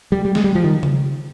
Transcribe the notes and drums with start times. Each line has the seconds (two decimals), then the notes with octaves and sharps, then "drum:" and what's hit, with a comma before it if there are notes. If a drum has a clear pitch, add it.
0.12 G3
0.25 G3
0.35 G#3, drum: snare
0.44 G3
0.55 F3
0.64 D#3
0.83 drum: tom C#3